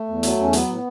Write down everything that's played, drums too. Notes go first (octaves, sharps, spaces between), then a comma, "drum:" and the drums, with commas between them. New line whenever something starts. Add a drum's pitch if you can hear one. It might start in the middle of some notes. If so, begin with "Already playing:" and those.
Already playing: A3
E2
F#3, drum: hi-hat
E2 C#4
F#3 B3, drum: hi-hat
A2